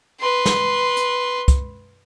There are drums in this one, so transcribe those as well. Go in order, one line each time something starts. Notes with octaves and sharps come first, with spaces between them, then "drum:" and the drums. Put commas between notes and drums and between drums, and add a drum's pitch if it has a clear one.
B4 C6
drum: snare
drum: hi-hat
drum: kick, hi-hat